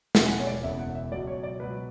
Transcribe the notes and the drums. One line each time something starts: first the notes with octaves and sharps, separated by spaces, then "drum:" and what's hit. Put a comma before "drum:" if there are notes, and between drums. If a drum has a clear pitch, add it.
E1 E2 C#3 E5, drum: snare
G#5
F#5
C#5
D5
E1 E2 C#3 E5
F#5
E5
C#2 B2 F#3 D5
C#5
D5
C#2 B2 F#3 B4